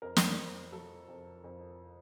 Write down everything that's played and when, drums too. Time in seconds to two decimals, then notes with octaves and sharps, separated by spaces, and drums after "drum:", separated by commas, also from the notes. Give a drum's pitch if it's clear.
0.02 F2 A#4
0.17 drum: snare
0.38 F2
0.72 F#3 A4
1.08 F2
1.44 F2